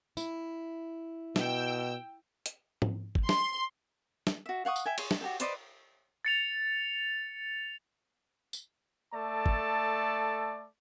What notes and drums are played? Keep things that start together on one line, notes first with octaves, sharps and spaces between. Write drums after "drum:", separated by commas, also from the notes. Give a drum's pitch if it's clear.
E4, drum: tambourine
B2 G5 E6, drum: snare
drum: hi-hat
drum: tom G#2
drum: kick
C6, drum: snare
drum: snare
F#4 E5
F5 F#5 C#6 D#6
drum: tambourine
E5 G5 G#5
G#4 C#5 C6, drum: cymbal
drum: snare
F#4 G4 A4 G5
B4 C5 D5 D#5, drum: hi-hat
A6 C#7 F7
drum: tambourine
A3 A4 D5 A5
drum: kick